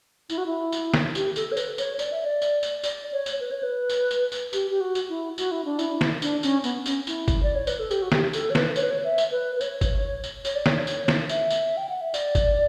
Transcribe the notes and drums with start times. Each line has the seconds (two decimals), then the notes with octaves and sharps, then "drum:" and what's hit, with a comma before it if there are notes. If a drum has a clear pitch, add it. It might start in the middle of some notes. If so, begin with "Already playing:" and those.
0.30 E4, drum: tambourine
0.38 F#4
0.46 E4
0.72 drum: tambourine
0.94 drum: snare
1.15 G4, drum: tambourine
1.36 A4, drum: tambourine
1.52 C#5
1.57 B4, drum: tambourine
1.78 C#5, drum: tambourine
1.99 D5, drum: tambourine
2.12 E5
2.25 D5
2.42 drum: tambourine
2.63 drum: tambourine
2.83 D5, drum: tambourine
3.12 C#5
3.26 drum: tambourine
3.40 B4
3.51 C#5
3.63 B4
3.90 drum: tambourine
4.11 drum: tambourine
4.32 drum: tambourine
4.53 G4, drum: tambourine
4.70 G4
4.80 F#4
4.95 drum: tambourine
5.09 E4
5.38 F#4, drum: tambourine
5.51 E4
5.65 D4
5.79 E4, drum: tambourine
6.01 drum: snare
6.22 D4, drum: tambourine
6.43 C#4, drum: tambourine
6.64 B3, drum: tambourine
6.86 C#4, drum: tambourine
7.07 E4, drum: tambourine
7.28 drum: kick, tambourine
7.43 D5
7.55 C#5
7.67 B4, drum: tambourine
7.79 A4
7.91 G4, drum: tambourine
8.02 F#4
8.12 G4, drum: snare
8.33 A4, drum: tambourine
8.50 C#5
8.55 B4, drum: snare
8.76 C#5, drum: tambourine
8.83 B4
8.90 C#5
9.04 E5
9.18 drum: tambourine
9.32 B4
9.55 B4
9.61 C#5, drum: tambourine
9.81 drum: kick, tambourine
10.24 drum: tambourine
10.45 C#5, drum: tambourine
10.55 D5
10.66 C#5, drum: snare
10.87 drum: tambourine
11.08 drum: snare
11.29 E5, drum: tambourine
11.50 drum: tambourine
11.77 G5
11.89 F#5
12.01 E5
12.14 D5, drum: tambourine
12.35 drum: kick, tambourine